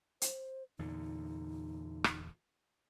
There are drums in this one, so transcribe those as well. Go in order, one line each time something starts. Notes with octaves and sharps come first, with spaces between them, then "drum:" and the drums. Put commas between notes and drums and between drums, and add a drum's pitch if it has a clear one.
C5, drum: hi-hat
E2 A#2 D3 D#4
drum: rim click